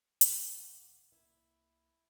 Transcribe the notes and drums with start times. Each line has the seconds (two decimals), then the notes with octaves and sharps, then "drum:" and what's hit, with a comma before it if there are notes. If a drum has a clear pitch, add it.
0.21 E1 B2 E3 G#3 D5 F5 F#5 A6, drum: hi-hat
1.12 C2 A#3 E4